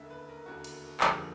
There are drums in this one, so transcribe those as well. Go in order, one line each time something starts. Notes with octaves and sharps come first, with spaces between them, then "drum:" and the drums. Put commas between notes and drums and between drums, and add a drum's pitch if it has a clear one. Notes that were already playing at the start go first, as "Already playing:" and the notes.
Already playing: E1 D#2 D3 E5
B4
A#4
E1 D#2 D3 F#4
drum: cymbal
F1 D#2 D3 F3 G4, drum: clap
G#4